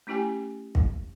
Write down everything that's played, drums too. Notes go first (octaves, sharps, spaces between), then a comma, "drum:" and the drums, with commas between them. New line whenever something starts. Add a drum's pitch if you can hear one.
A3 C#4 E4 G4 G5 G#5
drum: kick